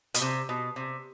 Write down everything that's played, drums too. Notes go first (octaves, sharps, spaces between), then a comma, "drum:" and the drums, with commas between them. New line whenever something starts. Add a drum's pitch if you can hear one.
B2, drum: hi-hat
C3
B2
C3